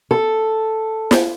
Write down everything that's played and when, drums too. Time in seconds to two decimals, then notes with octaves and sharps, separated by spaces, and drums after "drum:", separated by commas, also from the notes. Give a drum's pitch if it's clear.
0.11 A4
1.11 drum: snare